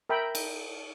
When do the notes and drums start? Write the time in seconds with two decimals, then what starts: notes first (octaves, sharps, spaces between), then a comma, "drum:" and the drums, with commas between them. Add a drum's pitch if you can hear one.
0.09 A#4 E5 G5 B5
0.35 drum: cymbal